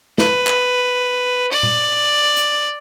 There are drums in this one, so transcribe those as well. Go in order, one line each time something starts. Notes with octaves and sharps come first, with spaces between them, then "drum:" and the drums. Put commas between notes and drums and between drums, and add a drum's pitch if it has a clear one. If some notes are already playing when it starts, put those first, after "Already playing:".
B4, drum: snare
drum: clap
D5
drum: tom A#2
drum: hi-hat